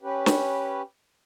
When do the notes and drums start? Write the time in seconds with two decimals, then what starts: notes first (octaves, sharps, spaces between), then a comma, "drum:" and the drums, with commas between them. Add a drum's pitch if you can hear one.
0.02 C#4 G4 B4
0.26 drum: snare